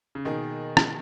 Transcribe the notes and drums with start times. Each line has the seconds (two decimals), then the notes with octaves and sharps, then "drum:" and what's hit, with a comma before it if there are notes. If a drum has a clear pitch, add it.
0.15 C#3
0.25 B2 D#3 A#3 D#4 G#4
0.77 drum: rim click